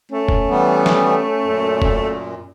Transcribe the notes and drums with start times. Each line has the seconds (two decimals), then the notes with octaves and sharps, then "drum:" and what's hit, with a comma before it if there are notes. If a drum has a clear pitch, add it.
0.12 A3 C#4
0.28 drum: kick E1
0.49 E3 G3 B3
0.86 drum: snare
1.43 F#2 A#2
1.82 drum: kick E1